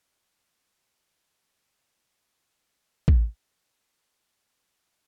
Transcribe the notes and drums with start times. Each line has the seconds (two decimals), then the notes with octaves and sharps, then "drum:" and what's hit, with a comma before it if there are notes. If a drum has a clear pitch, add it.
0.19 C4 A#5
1.83 D3 E3 G3 A4
2.56 E4 G#4 D5 D#5
3.08 drum: kick A1
3.79 E5
4.15 D5
4.74 C5